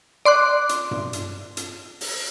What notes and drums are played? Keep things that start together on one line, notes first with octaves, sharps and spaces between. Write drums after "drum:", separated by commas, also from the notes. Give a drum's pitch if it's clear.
D5 C6 D6 F#6
drum: hi-hat
drum: tom G2
drum: hi-hat
drum: hi-hat
drum: open hi-hat